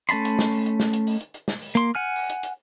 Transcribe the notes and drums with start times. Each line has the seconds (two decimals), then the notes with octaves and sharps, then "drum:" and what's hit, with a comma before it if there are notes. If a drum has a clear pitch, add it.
0.09 A3 C#4 A5 B5 C6, drum: hi-hat
0.25 drum: hi-hat
0.39 drum: snare
0.52 drum: open hi-hat
0.66 drum: hi-hat
0.80 drum: snare
0.93 drum: hi-hat
1.07 drum: open hi-hat
1.21 drum: hi-hat
1.34 drum: hi-hat
1.48 drum: snare
1.61 drum: open hi-hat
1.75 A#3 C6, drum: hi-hat
1.95 F#5 G#5 F6
2.16 drum: open hi-hat
2.30 drum: hi-hat
2.43 drum: hi-hat